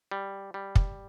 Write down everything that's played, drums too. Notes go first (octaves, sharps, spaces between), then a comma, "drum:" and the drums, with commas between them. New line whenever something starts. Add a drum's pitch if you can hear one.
G3
G3
drum: kick